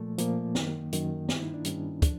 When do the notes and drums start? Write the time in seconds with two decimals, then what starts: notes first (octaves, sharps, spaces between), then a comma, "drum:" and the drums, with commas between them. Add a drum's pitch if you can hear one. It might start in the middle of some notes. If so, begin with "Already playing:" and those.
Already playing: A#2 F3 A3
0.18 A#2 F3 A#3, drum: hi-hat
0.55 F#2 D#3, drum: snare
0.93 F#2 D#3, drum: hi-hat
1.29 G2 D#3 E4, drum: snare
1.42 D#4
1.54 D4
1.65 G2 D#3 C#4, drum: hi-hat
2.02 F3 D4, drum: kick, hi-hat